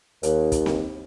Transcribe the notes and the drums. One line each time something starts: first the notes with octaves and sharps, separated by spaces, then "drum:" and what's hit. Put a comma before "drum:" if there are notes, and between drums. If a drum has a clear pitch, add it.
D#2, drum: hi-hat
drum: kick, hi-hat
drum: snare C4